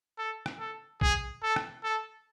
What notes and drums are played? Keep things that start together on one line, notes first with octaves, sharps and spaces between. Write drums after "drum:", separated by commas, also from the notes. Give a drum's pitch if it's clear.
A4
drum: rim click
A4
G#4, drum: kick
A4
drum: rim click
A4